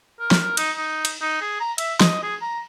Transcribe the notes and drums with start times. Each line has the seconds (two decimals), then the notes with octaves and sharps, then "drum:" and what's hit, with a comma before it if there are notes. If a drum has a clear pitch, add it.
0.19 A#4
0.31 drum: snare
0.41 A#4
0.57 D#4, drum: cymbal
0.76 D#4
1.05 drum: cymbal
1.21 D#4
1.41 G#4
1.60 A#5
1.78 E5, drum: cymbal
2.01 D#5, drum: snare
2.23 G#4
2.41 A#5